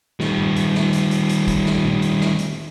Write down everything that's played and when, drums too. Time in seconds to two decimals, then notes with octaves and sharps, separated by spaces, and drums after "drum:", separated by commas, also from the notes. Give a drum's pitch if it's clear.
0.20 D#3 G3, drum: snare
0.38 drum: tom G2
0.56 drum: hi-hat
0.75 drum: snare
0.93 drum: hi-hat
1.11 drum: hi-hat
1.29 drum: hi-hat
1.47 drum: kick, hi-hat
1.66 drum: snare
1.84 drum: tom A#2
2.02 drum: hi-hat
2.20 drum: snare
2.39 drum: hi-hat